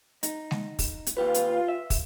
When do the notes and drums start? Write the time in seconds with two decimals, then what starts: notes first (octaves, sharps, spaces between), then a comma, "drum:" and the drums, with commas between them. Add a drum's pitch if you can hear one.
0.23 D#4, drum: hi-hat
0.51 drum: snare G#3
0.79 drum: kick, open hi-hat
1.07 drum: hi-hat
1.17 D#2 F4 G4 B4
1.34 drum: hi-hat
1.68 E5
1.90 drum: kick, open hi-hat